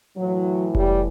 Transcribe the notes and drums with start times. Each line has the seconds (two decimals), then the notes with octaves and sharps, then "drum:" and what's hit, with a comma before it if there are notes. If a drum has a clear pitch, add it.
0.17 A2 E3 F#3
0.75 G3, drum: kick F1